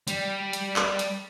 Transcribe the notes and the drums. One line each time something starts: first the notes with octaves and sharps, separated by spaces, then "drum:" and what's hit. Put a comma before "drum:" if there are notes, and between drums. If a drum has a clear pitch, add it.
G3, drum: hi-hat
drum: hi-hat
drum: clap
drum: hi-hat